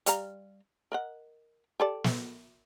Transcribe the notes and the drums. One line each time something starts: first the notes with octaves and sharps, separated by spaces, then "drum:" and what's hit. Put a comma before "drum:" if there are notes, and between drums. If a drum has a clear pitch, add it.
G3 F5 A#5, drum: hi-hat
A#4 D#5 F#5
G4 A4 D5
drum: snare